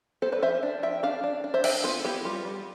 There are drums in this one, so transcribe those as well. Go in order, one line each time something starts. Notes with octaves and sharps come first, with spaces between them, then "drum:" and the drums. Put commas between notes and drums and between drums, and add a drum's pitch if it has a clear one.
B3 A4 C5
B4 D5
F3 C5 E5
D4
F3 E5 G5
D4 D5 F5
D4
D4
C5 E5
D4 E5 G5, drum: cymbal
B3 F4 A4
B3 E4 G4
G3 F4
G3